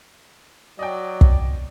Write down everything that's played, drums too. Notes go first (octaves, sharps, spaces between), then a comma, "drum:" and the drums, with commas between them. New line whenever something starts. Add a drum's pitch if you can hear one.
F#3 D5 D#5 G5
drum: kick